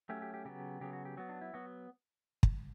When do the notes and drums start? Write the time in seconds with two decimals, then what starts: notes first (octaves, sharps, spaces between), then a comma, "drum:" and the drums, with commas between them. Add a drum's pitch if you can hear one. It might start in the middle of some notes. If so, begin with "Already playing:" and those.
0.09 F#3 A3 C#4 G4
0.22 G4
0.34 G4
0.45 C#3 F#3 B3 G4
0.81 C#3 F#3 B3 G4
0.93 F#4
1.05 G4
1.17 F#3 B3 F#4
1.29 D4
1.41 E4
1.53 F#3 B3 F#4
2.43 drum: kick